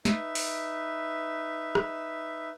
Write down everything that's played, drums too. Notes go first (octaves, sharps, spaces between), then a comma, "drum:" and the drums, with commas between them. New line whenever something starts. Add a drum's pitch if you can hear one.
D#4 B4 E5, drum: snare
drum: open hi-hat
drum: rim click